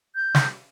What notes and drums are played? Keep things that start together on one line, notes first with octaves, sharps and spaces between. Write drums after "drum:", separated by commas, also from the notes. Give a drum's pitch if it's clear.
G6
drum: snare